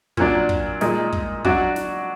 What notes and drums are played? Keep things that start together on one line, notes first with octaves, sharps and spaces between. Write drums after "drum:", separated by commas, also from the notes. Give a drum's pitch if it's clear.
A#2 F#3 D4, drum: kick
drum: kick
A#2 G#3 D#4, drum: snare
drum: kick
F#3 D4 F#4 D5, drum: kick
drum: snare